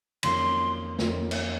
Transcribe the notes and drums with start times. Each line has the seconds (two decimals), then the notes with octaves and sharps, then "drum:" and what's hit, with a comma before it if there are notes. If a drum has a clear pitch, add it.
0.23 F2 D#3 F#3 A#3 C#4 C6, drum: cymbal
0.99 F2 D#3 F#3 A#3 C#4, drum: snare
1.31 drum: cymbal